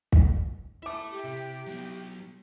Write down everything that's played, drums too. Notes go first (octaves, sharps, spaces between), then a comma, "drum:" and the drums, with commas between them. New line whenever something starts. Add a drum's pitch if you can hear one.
drum: kick
E4 E5 A5 D6
G4
C3
F#3 B3